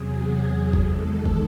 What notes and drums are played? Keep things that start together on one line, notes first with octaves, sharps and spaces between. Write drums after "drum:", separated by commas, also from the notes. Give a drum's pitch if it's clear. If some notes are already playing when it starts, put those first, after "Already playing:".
Already playing: E2 C3 F#3 G#4
G#4
E2 D#3 G#3 A4, drum: kick
drum: kick